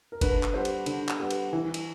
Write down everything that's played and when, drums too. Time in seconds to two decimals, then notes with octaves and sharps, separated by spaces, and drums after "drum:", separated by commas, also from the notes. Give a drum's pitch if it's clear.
0.12 A#4
0.21 D3 B4, drum: kick F#1, cymbal
0.43 drum: clap
0.54 G3 B3 C5
0.65 drum: cymbal
0.86 D3, drum: cymbal
1.09 drum: clap
1.20 G3 B3
1.31 drum: cymbal
1.53 E3
1.74 drum: cymbal